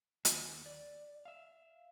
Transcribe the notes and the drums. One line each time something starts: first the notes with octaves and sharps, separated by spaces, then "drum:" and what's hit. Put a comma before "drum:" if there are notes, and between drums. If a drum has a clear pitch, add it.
D#2, drum: hi-hat
D5
E5 F5